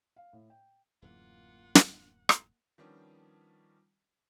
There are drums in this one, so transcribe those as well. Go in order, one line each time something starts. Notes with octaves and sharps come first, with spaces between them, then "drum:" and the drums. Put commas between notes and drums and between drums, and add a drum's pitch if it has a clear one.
F5
A2
G5
D1 F#2 E3 A#3 F4 F#5
drum: snare
drum: rim click
D#3 F3 G3 B3 C#4 D4